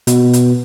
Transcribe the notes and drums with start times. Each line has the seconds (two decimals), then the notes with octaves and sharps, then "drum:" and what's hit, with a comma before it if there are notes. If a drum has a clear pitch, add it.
0.07 B2, drum: hi-hat
0.33 drum: hi-hat